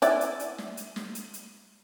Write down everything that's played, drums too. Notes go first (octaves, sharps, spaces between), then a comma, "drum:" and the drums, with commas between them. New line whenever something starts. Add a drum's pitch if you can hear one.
E4 D5 F#5, drum: hi-hat
drum: hi-hat
drum: hi-hat
drum: snare
drum: hi-hat
drum: snare
drum: hi-hat
drum: hi-hat